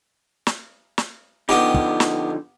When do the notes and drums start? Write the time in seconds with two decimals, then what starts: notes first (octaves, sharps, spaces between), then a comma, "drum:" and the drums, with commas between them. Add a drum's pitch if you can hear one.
0.47 drum: snare
0.98 drum: snare
1.49 D3 F3 B3 D#4 G4
1.74 drum: kick
2.00 drum: snare